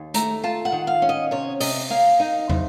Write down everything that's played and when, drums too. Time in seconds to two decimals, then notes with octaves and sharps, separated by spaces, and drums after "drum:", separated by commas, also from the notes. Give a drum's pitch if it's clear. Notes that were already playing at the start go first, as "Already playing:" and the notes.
Already playing: D#2
0.14 A3 A#5, drum: hi-hat
0.44 F4 A5
0.65 F#5
0.72 D#3
0.87 F5
1.02 C#4
1.09 D#5
1.31 C3 C#5
1.60 C3 D#5, drum: open hi-hat
1.90 A#3 F5
2.20 D#4
2.50 C3, drum: tom